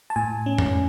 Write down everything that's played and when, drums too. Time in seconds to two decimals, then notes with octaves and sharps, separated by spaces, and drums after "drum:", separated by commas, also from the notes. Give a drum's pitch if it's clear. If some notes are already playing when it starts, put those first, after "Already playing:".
0.10 A5
0.16 A2 G#5
0.46 C#4
0.58 drum: tom F2